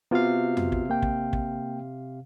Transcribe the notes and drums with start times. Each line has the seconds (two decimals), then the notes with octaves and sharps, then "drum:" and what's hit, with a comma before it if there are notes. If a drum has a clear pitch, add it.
0.11 C3 B3 F4 F#4 F5
0.57 drum: tom F2
0.72 drum: kick
0.90 A#3 G5
1.02 drum: kick
1.33 drum: kick